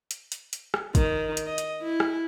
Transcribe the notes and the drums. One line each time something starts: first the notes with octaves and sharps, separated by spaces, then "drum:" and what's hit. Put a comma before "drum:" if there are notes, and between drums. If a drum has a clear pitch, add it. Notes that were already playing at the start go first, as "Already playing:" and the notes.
drum: hi-hat
drum: hi-hat
drum: hi-hat
drum: rim click
D#3, drum: kick, hi-hat
drum: hi-hat
D#5
drum: hi-hat
E4
drum: rim click